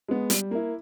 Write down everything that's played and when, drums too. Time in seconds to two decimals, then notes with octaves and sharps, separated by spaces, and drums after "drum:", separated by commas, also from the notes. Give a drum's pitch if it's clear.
0.08 G#3 B3
0.30 G3, drum: hi-hat
0.51 A#3 E4